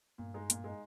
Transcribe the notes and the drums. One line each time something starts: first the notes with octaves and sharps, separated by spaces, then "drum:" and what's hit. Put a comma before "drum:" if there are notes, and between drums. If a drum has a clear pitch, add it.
G2 A#2
G#3 D#4
A#2, drum: hi-hat
G#3 D#4